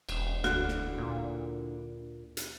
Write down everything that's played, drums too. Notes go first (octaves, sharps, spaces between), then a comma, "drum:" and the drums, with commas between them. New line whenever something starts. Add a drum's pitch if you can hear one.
E1, drum: cymbal
D2 D3 E4 F#4, drum: snare
drum: snare
A#2
drum: hi-hat